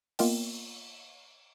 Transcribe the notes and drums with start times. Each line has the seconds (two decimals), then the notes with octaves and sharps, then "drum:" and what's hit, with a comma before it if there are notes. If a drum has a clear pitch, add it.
0.19 A#3 B3 F4 A#4 D#5 G5, drum: open hi-hat